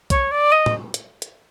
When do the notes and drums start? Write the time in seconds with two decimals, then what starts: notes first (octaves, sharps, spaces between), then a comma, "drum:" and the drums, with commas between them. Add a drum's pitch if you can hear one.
0.10 C#5, drum: kick B1, hi-hat
0.31 D5
0.52 D#5
0.66 drum: tom
0.94 drum: hi-hat
1.22 drum: hi-hat